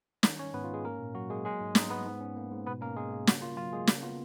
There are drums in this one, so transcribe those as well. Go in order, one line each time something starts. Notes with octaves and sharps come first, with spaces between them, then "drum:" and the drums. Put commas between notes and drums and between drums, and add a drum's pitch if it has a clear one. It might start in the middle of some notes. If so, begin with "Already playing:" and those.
D#3 D#4 D#5, drum: snare
C#4 C#5
G#2 B3 B4
F4
G#2 G#3 G#4
A#3 C#4 A#4
A#2
F#3 F#4
G#3 A#3 G#4
F#3 G#3 G#4
G#2
B3 D#4 D#5, drum: snare
B3 B4
G#2
C#4
A#3
G#2
B2 B3 B4
A#3 C#4 A#4
G#3 A#3 G#4
A#3
C#3 F#4, drum: snare
A#3 F4
F#3 F4
G#3 A#3 G#4
C#3 F#4, drum: snare
B3 F4